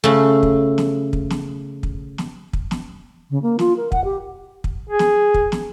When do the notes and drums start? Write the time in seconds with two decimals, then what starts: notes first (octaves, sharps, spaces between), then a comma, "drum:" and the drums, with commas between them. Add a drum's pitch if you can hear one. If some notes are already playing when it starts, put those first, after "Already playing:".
0.04 C#3 A3
0.43 drum: kick
0.78 drum: snare
1.13 drum: kick
1.30 drum: snare
1.83 drum: kick
2.18 drum: snare
2.53 drum: kick
2.71 drum: snare
3.30 C#3
3.42 A#3
3.59 F4, drum: snare
3.76 A#4
3.92 F#5, drum: kick
4.04 G4
4.64 drum: kick
4.89 G#4
4.99 drum: snare
5.34 drum: kick
5.52 drum: snare